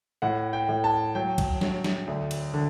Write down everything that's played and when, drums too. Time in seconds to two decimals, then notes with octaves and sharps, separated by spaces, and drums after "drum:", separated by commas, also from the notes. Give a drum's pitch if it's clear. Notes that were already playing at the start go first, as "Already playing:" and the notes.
0.22 A2 F#5
0.53 G5
0.69 A2
0.84 A5
1.15 F#3 G5
1.38 drum: kick, cymbal
1.61 F#3, drum: snare
1.84 drum: snare
2.07 D2
2.31 drum: cymbal
2.54 D3